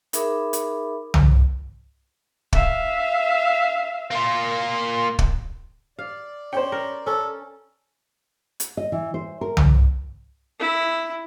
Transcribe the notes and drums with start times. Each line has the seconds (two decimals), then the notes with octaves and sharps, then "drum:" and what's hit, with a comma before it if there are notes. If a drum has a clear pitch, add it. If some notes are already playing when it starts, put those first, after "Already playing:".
0.13 D#4 G#4 A#4 E5 B5 D6, drum: hi-hat
0.53 drum: hi-hat
1.14 drum: tom C2
2.53 E5 F5, drum: kick
4.11 A#3 F4
5.19 drum: kick
5.99 D5 F5
6.53 C#4 C5 G5
6.72 A#4
7.07 C#4 A4
8.60 drum: hi-hat
8.77 D#5
8.92 E3
9.14 C5
9.41 A#4
9.57 drum: tom C2
10.59 E4